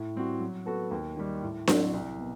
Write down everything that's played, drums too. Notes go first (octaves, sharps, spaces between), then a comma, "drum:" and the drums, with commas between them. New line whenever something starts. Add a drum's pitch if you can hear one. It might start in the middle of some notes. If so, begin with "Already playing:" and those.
Already playing: A2
G3 C4 F#4
F#3
B3 F#4 A4
D#2
D#3 G3
A2
F#3 C4, drum: snare D4
C2
B2